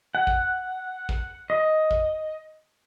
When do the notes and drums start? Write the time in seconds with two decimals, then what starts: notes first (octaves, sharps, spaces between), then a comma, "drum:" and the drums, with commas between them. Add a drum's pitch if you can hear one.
0.15 F#5
0.27 drum: kick A1
1.09 drum: kick A1
1.50 D#5
1.91 drum: kick A1